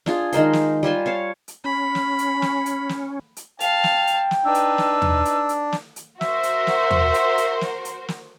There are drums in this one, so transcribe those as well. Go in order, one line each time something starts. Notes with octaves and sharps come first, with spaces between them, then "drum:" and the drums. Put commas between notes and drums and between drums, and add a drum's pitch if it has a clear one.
D4 F4 G#4, drum: snare
D#3 G#3 A#4 C5, drum: hi-hat
drum: snare
G3 F4 C5 G#5
C#5 F5 A5
drum: hi-hat
C#4 B5
drum: snare
drum: hi-hat
drum: snare
drum: hi-hat
drum: snare
drum: hi-hat
F5 G5 A5 F7, drum: hi-hat
drum: snare
drum: hi-hat
drum: snare
D4 D#4 B4 E6
drum: hi-hat
drum: snare
drum: tom
drum: hi-hat
drum: hi-hat
drum: snare
drum: hi-hat
F#4 A#4 C5 E5, drum: snare
drum: hi-hat
drum: snare
drum: tom
drum: hi-hat
drum: hi-hat
drum: snare
drum: hi-hat
drum: snare